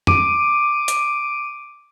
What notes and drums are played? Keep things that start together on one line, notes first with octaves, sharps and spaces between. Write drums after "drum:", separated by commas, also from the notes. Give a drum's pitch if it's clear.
D6 D7 D#7, drum: tom F2
drum: hi-hat